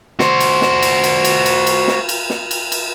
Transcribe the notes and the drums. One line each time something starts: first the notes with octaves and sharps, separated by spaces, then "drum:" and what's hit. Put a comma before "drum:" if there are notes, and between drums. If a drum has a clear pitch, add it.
F#4 C5, drum: snare
drum: cymbal
drum: snare
drum: cymbal
drum: cymbal
drum: cymbal
drum: cymbal
drum: cymbal
drum: snare
drum: cymbal
drum: snare
drum: cymbal
drum: cymbal